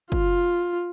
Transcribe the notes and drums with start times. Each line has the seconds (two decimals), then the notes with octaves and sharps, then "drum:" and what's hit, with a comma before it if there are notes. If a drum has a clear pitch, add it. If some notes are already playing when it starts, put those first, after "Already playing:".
0.12 F4, drum: kick